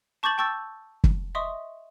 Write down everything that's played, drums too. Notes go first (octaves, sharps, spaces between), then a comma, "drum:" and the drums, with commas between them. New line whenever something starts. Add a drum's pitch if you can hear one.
A5 C#6 D6 G6 A6 F#7
G5 A5 C#6 E6 G6 A6
drum: kick
D#5 E5 C6 C#6 D#6